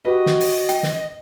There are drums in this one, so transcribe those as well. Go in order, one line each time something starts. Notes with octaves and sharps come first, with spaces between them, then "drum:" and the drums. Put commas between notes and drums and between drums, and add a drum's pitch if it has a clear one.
F#4 G4 B4 D#5
drum: snare
drum: open hi-hat
G5, drum: hi-hat
drum: snare